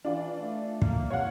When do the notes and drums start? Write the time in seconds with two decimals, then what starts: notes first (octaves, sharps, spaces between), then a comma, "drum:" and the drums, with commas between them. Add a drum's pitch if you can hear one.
0.05 E3 D4 F4
0.39 A3
0.82 A#3, drum: kick
1.10 C3 C#5 F5 F#5